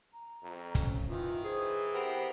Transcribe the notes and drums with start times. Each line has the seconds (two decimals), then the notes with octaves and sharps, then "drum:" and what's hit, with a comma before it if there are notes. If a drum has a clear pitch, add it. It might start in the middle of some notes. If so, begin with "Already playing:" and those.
0.13 A#5
0.43 F2
0.75 C#4, drum: kick, hi-hat
1.08 D#3 E3 F4
1.44 E3 G#4 C5
1.93 B3 C4 G4 A#4